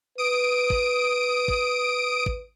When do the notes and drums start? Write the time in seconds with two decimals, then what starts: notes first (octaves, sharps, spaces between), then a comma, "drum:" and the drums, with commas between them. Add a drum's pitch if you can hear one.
0.18 B4 D#6 D7
0.70 drum: kick
1.48 drum: kick
2.26 drum: kick